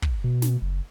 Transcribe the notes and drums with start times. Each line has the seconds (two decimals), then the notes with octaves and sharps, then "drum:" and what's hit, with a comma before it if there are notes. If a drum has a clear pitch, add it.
0.02 drum: kick
0.24 B2
0.42 drum: snare
0.62 F#1